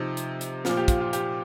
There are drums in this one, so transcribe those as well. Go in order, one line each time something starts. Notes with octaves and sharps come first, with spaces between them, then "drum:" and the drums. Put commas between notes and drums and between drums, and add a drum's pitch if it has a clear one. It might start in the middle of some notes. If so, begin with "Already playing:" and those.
Already playing: C3 F3 D#4
drum: hi-hat
drum: hi-hat
A#2 F3 F4, drum: snare
G4
F4, drum: kick, hi-hat
F4
G4, drum: hi-hat